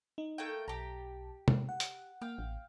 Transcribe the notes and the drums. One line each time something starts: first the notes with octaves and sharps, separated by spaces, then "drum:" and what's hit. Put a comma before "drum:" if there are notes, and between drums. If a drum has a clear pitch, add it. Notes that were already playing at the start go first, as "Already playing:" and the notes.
D#4
A3 A#3 G5
B1 G4 A5 A#5
drum: tom
F#5
drum: hi-hat
A#3 F5 G5
A1